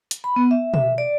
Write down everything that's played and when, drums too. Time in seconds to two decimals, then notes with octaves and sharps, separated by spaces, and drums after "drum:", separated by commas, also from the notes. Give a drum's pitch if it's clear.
0.11 drum: hi-hat
0.24 B5
0.36 B3
0.51 E5
0.74 E5, drum: tom B2
0.98 D5